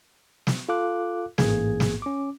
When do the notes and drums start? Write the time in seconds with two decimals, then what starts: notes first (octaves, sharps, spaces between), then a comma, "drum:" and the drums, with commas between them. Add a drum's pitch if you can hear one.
0.47 drum: snare
0.69 F4 A4 F5 D6 F#6
1.38 A1 G#2 A#3 G#4 G#6, drum: snare
1.80 drum: snare
2.02 C#4 D6